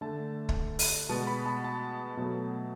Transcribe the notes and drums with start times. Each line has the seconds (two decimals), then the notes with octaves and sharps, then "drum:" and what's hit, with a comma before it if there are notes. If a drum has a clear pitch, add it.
0.01 D3 A3 A5
0.49 drum: kick
0.79 drum: open hi-hat
1.09 B2 G#3 B3 A5
1.27 B5
1.46 A5
1.64 A5
2.17 B2 F#3 A3